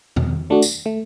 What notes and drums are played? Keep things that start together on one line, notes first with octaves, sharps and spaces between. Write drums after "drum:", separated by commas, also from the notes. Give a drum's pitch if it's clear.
B2, drum: tom E2
A3 D4 F#4
drum: tambourine
A3